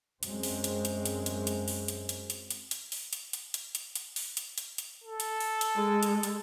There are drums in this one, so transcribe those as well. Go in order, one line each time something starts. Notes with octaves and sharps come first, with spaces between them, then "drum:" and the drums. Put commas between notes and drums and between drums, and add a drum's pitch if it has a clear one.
F#2 G#3 C4, drum: hi-hat
drum: open hi-hat
drum: hi-hat
drum: hi-hat
drum: hi-hat
drum: hi-hat
drum: hi-hat
drum: open hi-hat
drum: hi-hat
drum: hi-hat
drum: hi-hat
drum: hi-hat
drum: hi-hat
drum: open hi-hat
drum: hi-hat
drum: hi-hat
drum: hi-hat
drum: hi-hat
drum: hi-hat
drum: open hi-hat
drum: hi-hat
drum: hi-hat
drum: hi-hat
A4
drum: hi-hat
drum: open hi-hat
drum: hi-hat
G#3
drum: hi-hat
drum: hi-hat